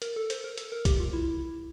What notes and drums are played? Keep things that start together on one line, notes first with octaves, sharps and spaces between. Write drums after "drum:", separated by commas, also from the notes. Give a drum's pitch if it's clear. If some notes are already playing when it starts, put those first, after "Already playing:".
A#4, drum: hi-hat
A4
C5, drum: hi-hat
A#4
A4, drum: hi-hat
A#4
G4, drum: kick B1, hi-hat
F4
E4